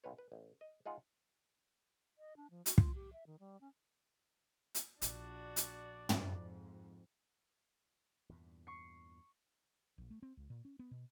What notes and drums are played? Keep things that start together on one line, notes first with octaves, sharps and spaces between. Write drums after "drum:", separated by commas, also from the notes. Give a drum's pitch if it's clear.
B1 F4 B4 C#5
B4
A1
D#5
G#3 D#4 F4 F#5
D#5
D4
F3
F#4, drum: hi-hat
F4, drum: kick
G4
E5
D#3
G3
C#4
drum: hi-hat
A#1 D4 F#4 D5, drum: hi-hat
drum: hi-hat
drum: tom
F2 G#2
E2 G2 A#2
C#6 C7
A#1
A3
C4
C#2
A#2
C#4
B3
B2